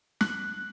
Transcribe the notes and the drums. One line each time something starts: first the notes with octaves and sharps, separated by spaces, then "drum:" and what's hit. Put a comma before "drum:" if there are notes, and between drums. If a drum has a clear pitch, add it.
F#6, drum: snare